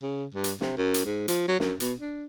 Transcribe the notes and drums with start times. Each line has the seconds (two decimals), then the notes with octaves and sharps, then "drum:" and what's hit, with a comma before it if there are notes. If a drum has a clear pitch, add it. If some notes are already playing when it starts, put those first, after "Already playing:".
0.02 C#3
0.34 G2
0.44 drum: hi-hat
0.61 C3, drum: snare
0.77 F#2
0.94 drum: hi-hat
1.05 G#2
1.28 F3, drum: hi-hat
1.48 F#3
1.60 F#2, drum: snare
1.80 B2, drum: hi-hat
1.99 D4